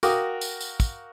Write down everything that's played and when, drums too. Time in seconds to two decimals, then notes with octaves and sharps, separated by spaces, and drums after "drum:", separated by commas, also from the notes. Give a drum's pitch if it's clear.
0.03 F#4 A#4 F5 G5 D6 D#6, drum: tambourine
0.41 drum: tambourine
0.61 drum: tambourine
0.80 drum: kick, tambourine